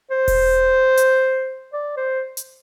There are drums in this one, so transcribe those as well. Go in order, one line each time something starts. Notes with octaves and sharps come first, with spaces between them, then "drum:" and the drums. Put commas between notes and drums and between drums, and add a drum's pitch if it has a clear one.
C5
drum: kick E1, open hi-hat
drum: hi-hat
D5
C5
drum: hi-hat